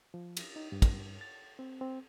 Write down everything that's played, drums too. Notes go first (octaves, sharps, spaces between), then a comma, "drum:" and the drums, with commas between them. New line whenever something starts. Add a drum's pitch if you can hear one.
F3
drum: cymbal
D#4
G2
drum: kick, cymbal
A6
C4
C4